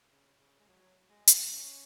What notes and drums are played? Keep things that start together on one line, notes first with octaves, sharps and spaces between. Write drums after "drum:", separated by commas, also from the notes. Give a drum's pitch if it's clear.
C#3
C#3
G#3
F#3
G#3
drum: hi-hat
C#4